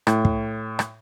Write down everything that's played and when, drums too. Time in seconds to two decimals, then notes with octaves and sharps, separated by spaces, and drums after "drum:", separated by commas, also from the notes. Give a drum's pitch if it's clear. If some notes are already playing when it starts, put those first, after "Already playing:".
0.07 A2, drum: rim click
0.25 drum: kick
0.79 drum: rim click